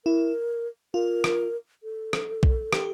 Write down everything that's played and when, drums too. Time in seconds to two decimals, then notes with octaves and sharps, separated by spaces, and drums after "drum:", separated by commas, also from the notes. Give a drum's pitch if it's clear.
0.05 E4 A#4
0.94 F4 A#4
1.24 drum: rim click
1.83 A4
2.13 drum: rim click
2.43 drum: kick B1
2.73 G4, drum: rim click